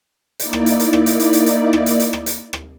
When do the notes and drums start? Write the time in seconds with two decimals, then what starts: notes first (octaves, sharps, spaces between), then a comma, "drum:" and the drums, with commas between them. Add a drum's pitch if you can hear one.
0.39 A#3 D#4 E4 D5, drum: hi-hat
0.53 drum: rim click
0.66 drum: hi-hat
0.80 drum: hi-hat
0.93 drum: rim click
1.06 drum: hi-hat
1.20 drum: hi-hat
1.33 drum: hi-hat
1.46 drum: hi-hat
1.73 drum: rim click
1.86 drum: hi-hat
2.00 drum: hi-hat
2.13 drum: rim click
2.26 drum: hi-hat
2.53 drum: rim click